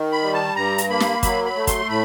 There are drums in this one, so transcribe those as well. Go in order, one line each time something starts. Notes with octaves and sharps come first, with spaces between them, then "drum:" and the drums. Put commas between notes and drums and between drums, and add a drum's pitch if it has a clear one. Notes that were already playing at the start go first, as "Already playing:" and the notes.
Already playing: D#3
B5
G3
A5
G2 A#5
drum: hi-hat
A#3 B5
drum: snare
F#3 B5, drum: kick, hi-hat
B5
A3
C6, drum: kick, hi-hat
A2 B5